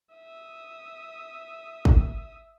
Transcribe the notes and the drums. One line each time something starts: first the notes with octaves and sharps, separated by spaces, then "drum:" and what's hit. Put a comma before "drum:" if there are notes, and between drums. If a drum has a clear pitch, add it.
E5 D#6
drum: kick